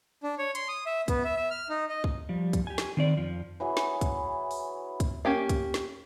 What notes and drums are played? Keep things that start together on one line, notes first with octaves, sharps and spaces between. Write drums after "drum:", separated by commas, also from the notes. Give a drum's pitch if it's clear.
D4
C#5
C6, drum: hi-hat
D#6
E5
B3, drum: kick, hi-hat
E5
E5
F6
D#4
D#5
drum: kick
F3 G3
drum: kick, hi-hat
G4 G#5
drum: snare
D#3 C4 D5
F2 F3
E3 F#3 G#4
drum: snare
drum: kick, hi-hat
drum: open hi-hat
drum: kick, hi-hat
A#3 C#4 G4 F5
drum: kick, hi-hat
drum: snare